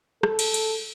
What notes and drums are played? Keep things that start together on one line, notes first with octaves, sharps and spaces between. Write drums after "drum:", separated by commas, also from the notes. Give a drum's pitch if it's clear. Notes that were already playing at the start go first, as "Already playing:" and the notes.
A4, drum: rim click
drum: cymbal
drum: cymbal